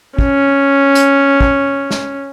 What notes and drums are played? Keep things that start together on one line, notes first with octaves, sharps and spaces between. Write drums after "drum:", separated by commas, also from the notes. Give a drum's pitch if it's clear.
C#4, drum: kick
drum: hi-hat
drum: kick
drum: snare